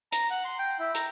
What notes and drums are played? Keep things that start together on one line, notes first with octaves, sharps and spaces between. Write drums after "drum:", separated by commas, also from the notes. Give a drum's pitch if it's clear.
A#5, drum: hi-hat
F#5
C6
G5
E4
A#5, drum: hi-hat